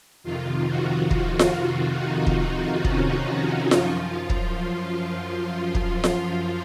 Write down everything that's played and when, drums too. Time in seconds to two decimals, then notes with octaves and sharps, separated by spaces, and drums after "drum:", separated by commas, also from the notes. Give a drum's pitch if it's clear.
0.23 F2 C3 D#3 F4
0.67 F#4
1.11 F4, drum: kick
1.39 drum: snare F4
1.97 D#4
2.26 drum: kick
2.41 F4
2.84 C#4, drum: kick
3.71 F#2 F3 F4, drum: snare F4
4.30 drum: kick
5.46 F4
5.75 drum: kick
6.04 drum: snare F4